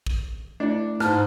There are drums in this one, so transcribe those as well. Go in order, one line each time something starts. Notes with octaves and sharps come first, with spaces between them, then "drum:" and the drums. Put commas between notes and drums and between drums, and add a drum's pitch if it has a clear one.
drum: kick
A3 D4 E4
G#2 A5 F6 F#6, drum: snare